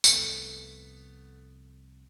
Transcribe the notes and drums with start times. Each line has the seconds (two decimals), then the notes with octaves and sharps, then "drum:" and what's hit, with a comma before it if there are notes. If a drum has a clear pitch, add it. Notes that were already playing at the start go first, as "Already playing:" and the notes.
0.04 C2 F2 A3 B3, drum: tambourine